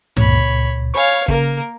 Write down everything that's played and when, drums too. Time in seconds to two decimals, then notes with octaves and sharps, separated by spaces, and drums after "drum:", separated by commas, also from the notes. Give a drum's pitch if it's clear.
0.17 C#2 A#2 C#5 B5, drum: tom G2
0.94 C#5 F5 G#5 B5 C#6
1.28 C#3 A#3 A#4, drum: kick